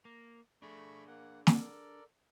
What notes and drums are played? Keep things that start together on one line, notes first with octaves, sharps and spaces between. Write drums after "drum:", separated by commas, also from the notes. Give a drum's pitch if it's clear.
A#3
A3 D4 G#4 B5 C#6
A#3 F#5
A4 A#4 D5, drum: snare